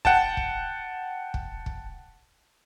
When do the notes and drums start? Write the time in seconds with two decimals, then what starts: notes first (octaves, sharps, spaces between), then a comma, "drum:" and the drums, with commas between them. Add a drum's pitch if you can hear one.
0.05 F#5 G5 A5, drum: kick
0.37 drum: kick
1.34 drum: kick
1.66 drum: kick